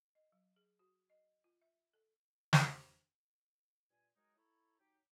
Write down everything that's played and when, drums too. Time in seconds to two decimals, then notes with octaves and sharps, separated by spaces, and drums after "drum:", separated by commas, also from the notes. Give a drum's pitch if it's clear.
0.15 D#5
0.32 F#3
0.56 G#4
0.79 F#4
1.10 D#5
1.44 F4
1.62 E5
1.94 A4
2.53 drum: snare
3.90 G2 A#2 G#5
4.16 F#3 G#3 D#4 G#4 A#4
4.37 E4 A4 C#5 A#5 B5
4.79 F#3 D#4 G4